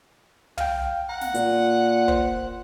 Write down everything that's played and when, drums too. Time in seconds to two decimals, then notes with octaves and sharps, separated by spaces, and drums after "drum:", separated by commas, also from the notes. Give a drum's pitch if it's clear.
0.58 F5 G5, drum: tom
1.09 F#5 A#5
1.21 drum: snare
1.35 A#2, drum: hi-hat
2.08 C5, drum: kick